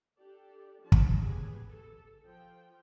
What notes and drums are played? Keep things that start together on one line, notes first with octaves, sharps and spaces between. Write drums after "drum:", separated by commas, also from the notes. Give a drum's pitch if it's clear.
D4 G4 A4 D5
F3 D4 A5
drum: kick
B3 C#4 G4 G#4 B4 G#5
A4
F3 G5